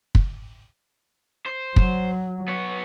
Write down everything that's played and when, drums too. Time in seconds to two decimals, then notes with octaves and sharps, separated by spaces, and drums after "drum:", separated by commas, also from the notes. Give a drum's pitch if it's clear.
0.15 drum: kick
1.46 C5
1.76 F#3, drum: kick
2.48 B3 C#5